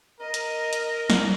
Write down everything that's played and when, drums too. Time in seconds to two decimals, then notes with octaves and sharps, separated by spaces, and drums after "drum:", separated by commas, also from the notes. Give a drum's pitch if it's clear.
0.21 A#4 D#5
0.34 drum: hi-hat
0.73 drum: hi-hat
1.10 drum: snare